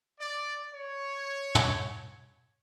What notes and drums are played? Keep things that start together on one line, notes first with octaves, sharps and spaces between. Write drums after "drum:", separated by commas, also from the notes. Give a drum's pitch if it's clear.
D5
C#5
drum: tom